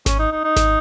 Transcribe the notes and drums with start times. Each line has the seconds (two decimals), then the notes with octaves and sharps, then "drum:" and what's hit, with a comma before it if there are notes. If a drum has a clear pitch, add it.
0.06 C#4, drum: snare G#1
0.19 D#4
0.32 D#4
0.44 D#4
0.56 drum: snare G#1